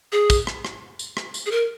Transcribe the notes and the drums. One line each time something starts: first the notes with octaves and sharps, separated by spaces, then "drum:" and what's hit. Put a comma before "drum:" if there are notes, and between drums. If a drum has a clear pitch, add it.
G#4
drum: kick, tambourine
drum: rim click
drum: rim click
drum: tambourine
drum: rim click
drum: tambourine
G#4
A#4